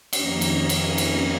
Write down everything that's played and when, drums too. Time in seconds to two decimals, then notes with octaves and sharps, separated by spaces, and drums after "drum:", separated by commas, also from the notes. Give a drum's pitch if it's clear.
0.13 F2 D#3 A#3 C#4 A#5, drum: cymbal
0.41 drum: cymbal
0.69 G#5, drum: cymbal
0.98 F5, drum: cymbal